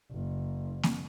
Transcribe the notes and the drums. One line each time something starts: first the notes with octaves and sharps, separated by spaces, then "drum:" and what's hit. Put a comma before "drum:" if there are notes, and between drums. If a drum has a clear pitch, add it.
F#1
drum: snare A#3